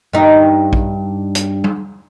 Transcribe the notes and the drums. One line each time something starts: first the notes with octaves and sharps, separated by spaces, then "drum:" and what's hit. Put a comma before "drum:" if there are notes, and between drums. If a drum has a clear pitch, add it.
G2 D#4
drum: kick A#1
drum: hi-hat
drum: tom G3